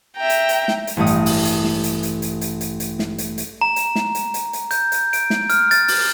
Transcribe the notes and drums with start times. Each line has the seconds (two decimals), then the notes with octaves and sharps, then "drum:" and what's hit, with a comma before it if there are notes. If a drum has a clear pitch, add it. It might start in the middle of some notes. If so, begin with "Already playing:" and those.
0.17 E5 G5 A#5
0.30 drum: hi-hat
0.49 drum: hi-hat
0.68 drum: snare
0.87 drum: hi-hat
0.97 A1 G2 A3 D#6
1.07 drum: hi-hat
1.26 drum: open hi-hat
1.45 drum: hi-hat
1.64 drum: snare
1.84 drum: hi-hat
2.03 drum: hi-hat
2.22 drum: hi-hat
2.41 drum: hi-hat
2.61 drum: hi-hat
2.80 drum: hi-hat
2.99 drum: snare
3.18 drum: hi-hat
3.38 drum: hi-hat
3.61 A#5
3.76 drum: hi-hat
3.95 drum: snare
4.15 drum: hi-hat
4.34 drum: hi-hat
4.53 drum: hi-hat
4.71 G6, drum: hi-hat
4.92 drum: hi-hat
5.13 D7, drum: hi-hat
5.30 drum: snare
5.50 F6, drum: hi-hat
5.71 A6, drum: hi-hat
5.88 drum: open hi-hat